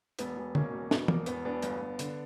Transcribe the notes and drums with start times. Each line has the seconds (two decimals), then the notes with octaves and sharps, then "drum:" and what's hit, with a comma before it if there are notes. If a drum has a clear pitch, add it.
0.19 E1 B3, drum: hi-hat
0.37 E1
0.55 B2 A#3 C#4, drum: tom D3
0.73 E1
0.91 B2 B3, drum: snare
1.08 E1 A#3, drum: tom
1.26 E2 B3, drum: hi-hat
1.45 E1 B3 D4
1.62 G1, drum: hi-hat
1.81 G1
1.99 D3, drum: hi-hat